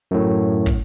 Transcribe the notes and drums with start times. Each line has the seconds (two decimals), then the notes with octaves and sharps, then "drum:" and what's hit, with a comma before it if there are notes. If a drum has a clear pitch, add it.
0.11 F#2 A2
0.66 drum: kick